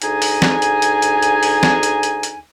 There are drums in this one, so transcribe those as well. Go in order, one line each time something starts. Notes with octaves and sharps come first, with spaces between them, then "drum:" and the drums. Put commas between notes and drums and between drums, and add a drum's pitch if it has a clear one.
D2 D#4 G#4 G#5, drum: hi-hat
drum: open hi-hat
drum: snare
drum: hi-hat
drum: hi-hat
drum: hi-hat
drum: hi-hat
drum: open hi-hat
drum: snare
drum: hi-hat
drum: hi-hat
drum: hi-hat